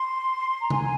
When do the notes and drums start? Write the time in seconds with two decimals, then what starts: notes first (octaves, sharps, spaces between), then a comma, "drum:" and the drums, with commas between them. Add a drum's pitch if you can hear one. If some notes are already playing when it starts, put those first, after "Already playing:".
Already playing: C6
0.61 A#5
0.70 G#5, drum: tom C3